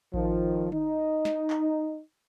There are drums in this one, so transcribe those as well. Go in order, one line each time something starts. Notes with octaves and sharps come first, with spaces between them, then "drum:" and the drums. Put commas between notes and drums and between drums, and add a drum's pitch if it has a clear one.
D#3 F3, drum: kick A1
D#4, drum: tom D3
drum: snare
drum: clap